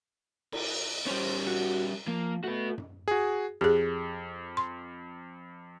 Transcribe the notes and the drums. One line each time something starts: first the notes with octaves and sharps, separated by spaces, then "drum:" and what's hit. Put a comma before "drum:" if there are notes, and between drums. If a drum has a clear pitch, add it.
drum: cymbal
G3 C#4 C5
F#4
F3 A#3
A3 F#4 B4
drum: tom F#2
F#4 G#4
F2 G4 G#4
C6